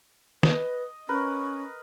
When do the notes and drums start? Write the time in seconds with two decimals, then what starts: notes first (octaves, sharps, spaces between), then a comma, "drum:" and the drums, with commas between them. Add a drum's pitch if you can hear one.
0.43 B4 D#5, drum: snare
1.09 C#4 A#4 B4